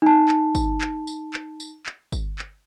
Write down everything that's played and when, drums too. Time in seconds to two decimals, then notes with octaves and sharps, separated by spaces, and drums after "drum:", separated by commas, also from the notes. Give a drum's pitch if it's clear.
0.02 D#4 A5
0.28 drum: clap
0.55 drum: kick, tambourine
0.81 drum: clap
1.07 drum: tambourine
1.34 drum: clap
1.60 drum: tambourine
1.86 drum: clap
2.12 drum: kick, tambourine
2.39 drum: clap